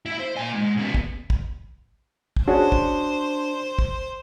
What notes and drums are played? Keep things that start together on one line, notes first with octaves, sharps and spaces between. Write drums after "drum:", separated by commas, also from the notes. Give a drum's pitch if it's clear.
E4 E5
C5
A#2 G#5
G#2
C#3 B3
drum: kick
drum: kick
drum: kick
C#4 D4 F#4 G#4 C5
drum: kick
drum: kick